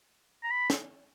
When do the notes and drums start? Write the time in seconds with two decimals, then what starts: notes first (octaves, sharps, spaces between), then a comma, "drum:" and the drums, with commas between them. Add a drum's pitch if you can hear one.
0.44 A#5
0.51 B5
0.70 drum: snare